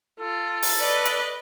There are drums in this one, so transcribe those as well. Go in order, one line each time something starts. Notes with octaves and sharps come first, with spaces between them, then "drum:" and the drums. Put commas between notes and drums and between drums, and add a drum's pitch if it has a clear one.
F4 A4
drum: open hi-hat
B4 D5 D#5
drum: hi-hat